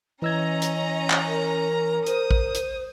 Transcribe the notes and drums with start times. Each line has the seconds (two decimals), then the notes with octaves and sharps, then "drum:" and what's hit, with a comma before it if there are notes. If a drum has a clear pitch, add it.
0.22 E3 C#4 D#5 A#5 E6 G#6
0.62 drum: hi-hat
1.10 drum: clap
1.27 A#4
2.06 C5 D#6, drum: hi-hat
2.31 drum: kick
2.55 drum: hi-hat